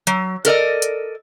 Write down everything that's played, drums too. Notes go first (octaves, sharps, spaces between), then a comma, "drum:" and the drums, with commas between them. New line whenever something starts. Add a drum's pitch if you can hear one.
F#3, drum: hi-hat
A4 A#4 D5 D#5, drum: hi-hat
drum: hi-hat